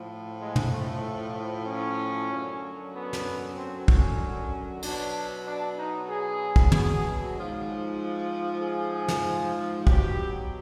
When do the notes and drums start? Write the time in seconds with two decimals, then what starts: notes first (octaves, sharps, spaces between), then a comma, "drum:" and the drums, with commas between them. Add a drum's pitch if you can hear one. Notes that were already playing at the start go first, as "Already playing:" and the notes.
Already playing: A2 F3
0.41 G#3
0.56 drum: tom
0.73 A3
1.67 C#4
2.31 F#2 D3 F#3
2.93 B3
3.13 drum: snare
3.56 C4
3.88 C#4, drum: kick
4.83 B2 F#3 D4, drum: cymbal
5.46 D4
5.77 D#4
6.09 G#4
6.56 drum: kick
6.72 G#4, drum: tom
7.35 G#2 F3
8.61 G#4
9.08 drum: snare
9.87 B2 F#3 G4, drum: kick